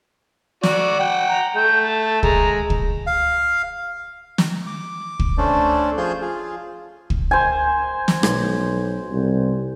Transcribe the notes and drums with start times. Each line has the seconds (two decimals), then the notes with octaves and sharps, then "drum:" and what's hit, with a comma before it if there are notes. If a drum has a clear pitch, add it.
0.63 F#4 D5, drum: snare
1.00 F#5 G5
1.29 A#5
1.56 A3 G6
1.82 A5
2.23 G#3 A#5, drum: kick
2.70 drum: kick
3.07 F5
4.38 drum: snare
4.66 D6
5.19 drum: kick
5.38 A3 C#4 D4 A4 C5 D5
5.98 F3 F4 G#4 C5 C6 G6
6.21 F4 G#4
7.10 drum: kick
7.31 C5 G#5
8.08 drum: snare
8.23 B1, drum: rim click
9.11 C2